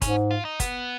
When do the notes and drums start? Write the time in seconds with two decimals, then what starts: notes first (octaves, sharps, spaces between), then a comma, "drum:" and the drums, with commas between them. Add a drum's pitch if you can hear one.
0.02 G#2 C#4, drum: kick, hi-hat
0.31 F4
0.45 D#4
0.60 B3, drum: kick, hi-hat